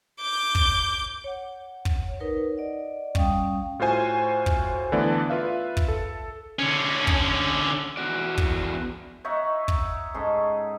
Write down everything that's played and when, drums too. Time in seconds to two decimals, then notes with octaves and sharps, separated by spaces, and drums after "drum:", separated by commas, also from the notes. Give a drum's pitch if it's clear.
0.21 D6 G6
0.55 drum: kick
1.24 C#5 F#5
1.85 drum: kick
2.19 D#4 A#4 B4 C#5
2.56 D5 D#5 F#5
3.15 G3 C#4 F5 G5 D#6, drum: kick
3.79 A2 F4 F#4 C5 G#5
4.46 drum: kick
4.92 D3 E3 A3 B3 D5
5.30 F4 B4 E5 F5
5.77 drum: kick
5.88 A4
6.59 D3 C#4
7.07 drum: kick
7.97 E2 G#2 F#4 D5
8.38 drum: kick
9.24 D#4 C#5 E5 F#5
9.68 drum: kick
10.14 G#2 C#4 G#4 A4